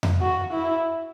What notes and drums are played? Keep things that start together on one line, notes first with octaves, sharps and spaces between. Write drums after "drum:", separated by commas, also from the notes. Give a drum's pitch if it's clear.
drum: tom F2
F#4
E4